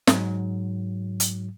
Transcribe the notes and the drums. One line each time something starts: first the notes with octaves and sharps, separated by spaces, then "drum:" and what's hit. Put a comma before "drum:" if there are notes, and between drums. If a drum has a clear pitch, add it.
G#2 F#3, drum: snare
drum: hi-hat